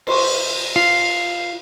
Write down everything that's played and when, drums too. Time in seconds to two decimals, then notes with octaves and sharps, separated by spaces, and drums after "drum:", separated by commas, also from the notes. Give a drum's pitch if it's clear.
0.07 C5 C6 C#6, drum: cymbal
0.76 F4